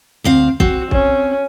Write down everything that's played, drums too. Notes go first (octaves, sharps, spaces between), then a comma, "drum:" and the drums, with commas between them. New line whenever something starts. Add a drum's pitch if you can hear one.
D2 C4 F5
C4 F#4, drum: kick
C#4, drum: kick